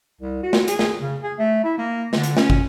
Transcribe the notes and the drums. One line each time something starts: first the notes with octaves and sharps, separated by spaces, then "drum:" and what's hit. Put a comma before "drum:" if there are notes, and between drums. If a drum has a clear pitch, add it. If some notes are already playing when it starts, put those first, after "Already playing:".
C2
F#4
drum: snare
G#4, drum: hi-hat
drum: snare
C#3
G#4
A3
E4
A#3
D3, drum: snare
drum: hi-hat
C#4, drum: snare
drum: kick